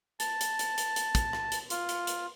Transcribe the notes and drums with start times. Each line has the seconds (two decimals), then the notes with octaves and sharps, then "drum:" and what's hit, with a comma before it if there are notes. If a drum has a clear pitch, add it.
0.20 A5, drum: hi-hat
0.41 drum: hi-hat
0.59 drum: hi-hat
0.78 drum: hi-hat
0.96 drum: hi-hat
1.15 drum: kick, hi-hat
1.33 drum: rim click
1.52 drum: hi-hat
1.70 F4, drum: hi-hat
1.89 drum: hi-hat
2.07 drum: hi-hat